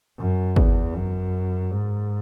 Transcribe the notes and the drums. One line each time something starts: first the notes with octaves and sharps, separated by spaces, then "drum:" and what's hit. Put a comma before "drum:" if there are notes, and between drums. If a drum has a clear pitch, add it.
F#2
E2, drum: kick
F#2
G#2